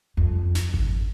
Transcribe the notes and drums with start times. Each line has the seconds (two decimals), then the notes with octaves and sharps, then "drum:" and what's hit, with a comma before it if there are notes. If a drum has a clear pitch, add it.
0.17 F2
0.55 drum: snare
0.74 drum: kick G#1